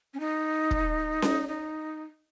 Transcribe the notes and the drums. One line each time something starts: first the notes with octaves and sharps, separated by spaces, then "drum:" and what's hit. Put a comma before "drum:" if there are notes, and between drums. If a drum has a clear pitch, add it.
C#4
D#4
drum: kick
drum: snare C#4
D#4